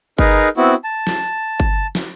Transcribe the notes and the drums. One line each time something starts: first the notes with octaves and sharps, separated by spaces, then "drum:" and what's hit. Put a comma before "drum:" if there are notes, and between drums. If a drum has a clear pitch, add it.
D#4 G#4 A#4 B4, drum: kick G1
B3 C4 E4 F#4
A5
drum: snare
drum: kick G1
drum: snare